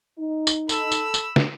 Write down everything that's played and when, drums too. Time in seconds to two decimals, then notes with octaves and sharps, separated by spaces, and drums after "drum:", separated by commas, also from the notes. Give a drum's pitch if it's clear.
0.19 D#4
0.47 drum: tambourine
0.69 A4 B5 E6, drum: tambourine
0.92 drum: tambourine
1.14 drum: tambourine
1.36 drum: snare